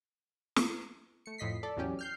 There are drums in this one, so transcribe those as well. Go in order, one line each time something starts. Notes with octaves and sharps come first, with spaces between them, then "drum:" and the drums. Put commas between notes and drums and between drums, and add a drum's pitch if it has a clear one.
drum: snare
A3 C#7
F2 A2 D#5 B6 C7
A4 D5
A1 E2 F#3 C#4 G4
F6 G6 C7